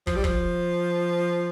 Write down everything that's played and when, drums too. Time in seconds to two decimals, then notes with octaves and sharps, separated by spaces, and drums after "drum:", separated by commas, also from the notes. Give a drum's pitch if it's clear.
0.07 F3, drum: kick
0.16 G3
0.24 F3, drum: kick